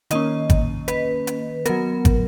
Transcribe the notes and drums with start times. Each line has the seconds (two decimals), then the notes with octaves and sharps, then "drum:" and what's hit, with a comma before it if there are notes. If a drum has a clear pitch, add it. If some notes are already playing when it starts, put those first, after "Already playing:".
0.11 D#3 A#3 C#4 D#5, drum: hi-hat
0.50 drum: kick, hi-hat
0.88 B4, drum: hi-hat
1.27 drum: hi-hat
1.65 F#3 B3 A#4, drum: hi-hat
2.05 drum: kick, hi-hat